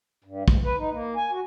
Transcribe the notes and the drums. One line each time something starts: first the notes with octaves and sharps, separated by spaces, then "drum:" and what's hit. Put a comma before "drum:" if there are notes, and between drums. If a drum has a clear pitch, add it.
G2
G#2, drum: kick
B4
D#4
A#3
G#5
F#4